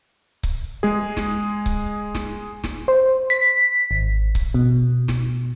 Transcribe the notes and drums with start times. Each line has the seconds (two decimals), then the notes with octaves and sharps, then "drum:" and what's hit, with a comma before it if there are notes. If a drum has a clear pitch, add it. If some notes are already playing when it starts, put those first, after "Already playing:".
0.43 drum: kick C#1
0.83 G#3 G#4
1.17 drum: snare
1.66 drum: kick C#1
2.15 drum: snare
2.64 drum: snare
2.88 C5
3.30 B6
3.91 G#1
4.35 drum: kick C#1
4.54 B2
5.08 drum: snare